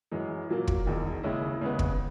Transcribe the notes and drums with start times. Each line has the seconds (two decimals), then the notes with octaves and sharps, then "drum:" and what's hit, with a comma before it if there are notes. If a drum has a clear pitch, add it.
0.12 F#2 E3 G#3
0.49 A#2 F#3 A#3
0.68 drum: kick
0.86 E1 E2 D#3
1.23 D#2 C#3 G#3 C#4 E4
1.61 D#2 C#3 G#3 B3
1.79 drum: kick